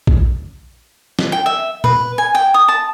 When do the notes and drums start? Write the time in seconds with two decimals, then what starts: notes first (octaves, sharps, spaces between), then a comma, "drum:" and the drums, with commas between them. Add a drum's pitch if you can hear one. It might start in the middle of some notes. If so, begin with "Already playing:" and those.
0.07 drum: kick A#1
1.19 drum: snare
1.32 G5
1.46 E5
1.84 B4, drum: tom A#2
2.18 G#5
2.35 G5
2.54 D#6
2.68 A5